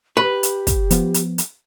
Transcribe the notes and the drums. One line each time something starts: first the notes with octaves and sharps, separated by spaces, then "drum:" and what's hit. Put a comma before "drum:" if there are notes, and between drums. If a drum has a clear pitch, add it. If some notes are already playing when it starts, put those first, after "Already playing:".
G4 B4
drum: hi-hat
drum: kick, hi-hat
F3 B3, drum: hi-hat
drum: hi-hat
drum: hi-hat